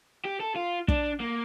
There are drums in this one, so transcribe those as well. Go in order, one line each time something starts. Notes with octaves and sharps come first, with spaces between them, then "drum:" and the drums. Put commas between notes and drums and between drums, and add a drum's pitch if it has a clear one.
G4
A4
F4
D4, drum: kick
A#3